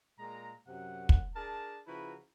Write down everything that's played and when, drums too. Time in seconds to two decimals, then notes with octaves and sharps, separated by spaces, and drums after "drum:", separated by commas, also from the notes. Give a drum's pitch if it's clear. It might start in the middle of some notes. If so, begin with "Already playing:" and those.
0.19 A#2 G#3 A#5
0.67 F#2 C3 F#5
1.09 drum: kick
1.36 D4 G#4 A#4 A5
1.87 C#3 F3 E4 F#4 B4 A#5